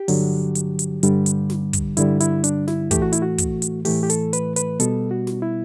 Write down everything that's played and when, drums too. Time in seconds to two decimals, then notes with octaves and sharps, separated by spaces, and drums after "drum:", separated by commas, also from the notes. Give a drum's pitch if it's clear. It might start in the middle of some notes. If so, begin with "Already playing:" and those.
Already playing: G4
0.08 G2 D3 F#3, drum: open hi-hat
0.55 drum: hi-hat
0.79 drum: hi-hat
1.03 G2 D3 G3, drum: hi-hat
1.26 drum: hi-hat
1.50 drum: snare
1.73 drum: kick, hi-hat
1.97 G2 D3 G3 E4, drum: hi-hat
2.20 E4, drum: hi-hat
2.44 D4, drum: hi-hat
2.68 E4, drum: snare
2.91 A2 E3 A3 G4, drum: kick, hi-hat
3.02 F#4
3.13 E4, drum: hi-hat
3.22 F#4
3.38 drum: kick, hi-hat
3.62 drum: hi-hat
3.85 A2 E3 A3 G4, drum: open hi-hat
4.03 G4
4.10 A4, drum: hi-hat
4.33 B4, drum: hi-hat
4.56 B4, drum: hi-hat
4.80 B2 G3 B3 A4, drum: hi-hat
5.11 F#4
5.27 drum: snare
5.42 E4